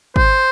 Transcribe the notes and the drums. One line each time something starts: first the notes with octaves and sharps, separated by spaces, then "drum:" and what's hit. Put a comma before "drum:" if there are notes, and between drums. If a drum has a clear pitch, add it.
C5, drum: kick G#1